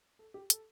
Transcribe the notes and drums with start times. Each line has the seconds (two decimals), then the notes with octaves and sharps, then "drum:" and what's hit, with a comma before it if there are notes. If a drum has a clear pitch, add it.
0.19 A4
0.34 G4
0.50 A4, drum: hi-hat